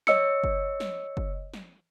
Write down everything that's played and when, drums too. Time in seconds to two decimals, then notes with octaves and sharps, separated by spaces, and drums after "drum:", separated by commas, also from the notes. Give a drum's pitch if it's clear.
0.07 C#5 D#5 E6 C#7, drum: snare
0.44 drum: kick F#1
0.80 drum: snare
1.17 drum: kick F#1
1.54 drum: snare